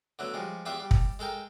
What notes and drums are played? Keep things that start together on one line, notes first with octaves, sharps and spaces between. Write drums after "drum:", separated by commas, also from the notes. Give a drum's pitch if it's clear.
D3 F#3 A3 B3
F3 G3 G#3
E2 F4 G4 B4 E5
G3
drum: kick
G#3 A4 A#4 G5